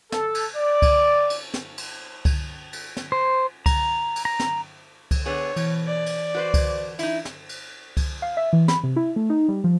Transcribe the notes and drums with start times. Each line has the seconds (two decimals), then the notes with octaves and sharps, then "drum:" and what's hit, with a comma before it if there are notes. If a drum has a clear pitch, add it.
0.12 A4, drum: snare
0.35 drum: cymbal
0.57 D5
0.82 drum: kick C#2, cymbal
1.30 drum: cymbal
1.54 drum: snare
1.78 drum: cymbal
2.25 drum: kick C#2, cymbal
2.73 drum: cymbal
2.97 drum: snare
3.12 C5
3.66 A#5, drum: kick C#2, cymbal
4.16 drum: cymbal
4.25 A#5
4.39 drum: snare
5.11 drum: kick C#2, cymbal
5.26 D3 B3 G#4 C#5
5.56 B2 E3, drum: cymbal
5.87 D5
6.06 drum: cymbal
6.35 F#4 B4 C5
6.54 drum: kick C#2, cymbal
6.99 D#4 E4, drum: cymbal
7.25 drum: snare
7.49 drum: cymbal
7.97 drum: kick C#2, cymbal
8.22 F5
8.37 E5
8.53 E3
8.68 B5, drum: snare
8.83 C3
8.96 E4
9.16 A3
9.30 D#4
9.48 G3
9.64 F3